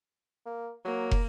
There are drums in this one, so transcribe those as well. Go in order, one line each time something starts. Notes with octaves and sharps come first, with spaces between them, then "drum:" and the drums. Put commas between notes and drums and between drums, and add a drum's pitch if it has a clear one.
A#3
F#3 A#3
drum: kick